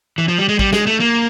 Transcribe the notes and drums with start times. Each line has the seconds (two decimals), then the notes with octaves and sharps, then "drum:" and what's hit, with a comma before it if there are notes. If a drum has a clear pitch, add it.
0.18 E3
0.28 F3
0.38 G3
0.49 G#3
0.59 G3, drum: kick A1
0.73 G#3, drum: snare
0.87 A3
1.00 A#3